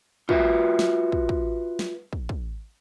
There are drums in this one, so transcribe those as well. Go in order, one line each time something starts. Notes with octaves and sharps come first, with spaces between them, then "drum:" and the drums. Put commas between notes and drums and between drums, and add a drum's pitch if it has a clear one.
F4 F#4 B4 E5, drum: kick
drum: snare
drum: kick
drum: kick
drum: snare
drum: kick
drum: kick